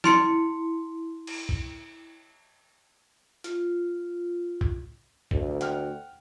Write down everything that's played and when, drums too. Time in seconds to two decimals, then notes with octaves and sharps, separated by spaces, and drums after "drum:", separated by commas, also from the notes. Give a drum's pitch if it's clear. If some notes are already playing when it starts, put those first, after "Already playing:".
0.04 E4 C6 C#7, drum: snare
1.27 drum: cymbal
1.49 drum: kick
3.44 F4, drum: hi-hat
4.61 drum: kick
5.31 D2, drum: kick
5.61 F#5 G5 F6, drum: hi-hat